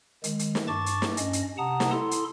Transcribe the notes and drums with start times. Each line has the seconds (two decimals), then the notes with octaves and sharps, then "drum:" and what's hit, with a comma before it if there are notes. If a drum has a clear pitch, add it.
0.24 D#3 G#3, drum: hi-hat
0.39 drum: hi-hat
0.55 drum: snare
0.68 G2 A5 C#6 D6 A6
0.86 drum: hi-hat
1.02 drum: snare
1.17 G2 C#4 D#5, drum: hi-hat
1.33 drum: hi-hat
1.58 C3 F#5 A5 A#5 D#6
1.80 drum: snare
1.91 E4 A4 C6
2.11 drum: hi-hat